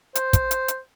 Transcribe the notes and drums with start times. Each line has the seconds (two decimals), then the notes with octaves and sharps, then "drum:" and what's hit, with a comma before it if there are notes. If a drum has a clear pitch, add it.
0.15 C5, drum: hi-hat
0.33 drum: kick, hi-hat
0.51 drum: hi-hat
0.68 drum: hi-hat